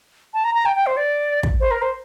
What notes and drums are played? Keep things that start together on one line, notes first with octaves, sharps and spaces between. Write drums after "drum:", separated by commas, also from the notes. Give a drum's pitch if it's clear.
A5
A#5
A#5
G5
G5
C5
D5
drum: kick
C5
A#4
C5